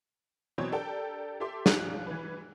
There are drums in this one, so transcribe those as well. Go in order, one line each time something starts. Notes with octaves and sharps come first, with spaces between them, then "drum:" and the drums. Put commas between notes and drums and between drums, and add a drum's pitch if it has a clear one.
B2 E3 F#3 C4 C#5
D4 G4 A4 A#4 G5 A5
G4 A4 E5 C6 D6
F3 F#6, drum: snare
E3 B4